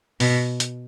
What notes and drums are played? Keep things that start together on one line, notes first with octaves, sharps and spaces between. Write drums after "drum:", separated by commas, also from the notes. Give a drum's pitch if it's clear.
B2, drum: open hi-hat
drum: hi-hat